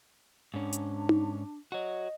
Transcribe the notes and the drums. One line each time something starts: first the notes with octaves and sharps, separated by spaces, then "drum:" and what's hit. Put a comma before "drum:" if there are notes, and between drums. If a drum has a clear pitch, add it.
G#2 C#4 D4
drum: hi-hat
drum: tom D#4
F#4 C#5 D#5